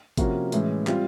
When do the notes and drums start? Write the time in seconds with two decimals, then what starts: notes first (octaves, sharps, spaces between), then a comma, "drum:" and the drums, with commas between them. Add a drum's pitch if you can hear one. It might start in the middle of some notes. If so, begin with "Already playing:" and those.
0.17 C3 F3 A#3 C#4 F#4, drum: kick G#1, hi-hat
0.52 A2 E3 G#3 C#4, drum: hi-hat
0.87 G3 C4 F4, drum: clap